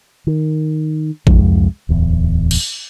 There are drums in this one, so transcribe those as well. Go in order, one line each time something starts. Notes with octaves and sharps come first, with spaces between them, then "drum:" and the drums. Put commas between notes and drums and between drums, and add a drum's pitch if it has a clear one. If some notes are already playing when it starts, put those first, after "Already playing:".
D#3
C2 F2 G#2 G#3, drum: kick A1
D1 E2
drum: cymbal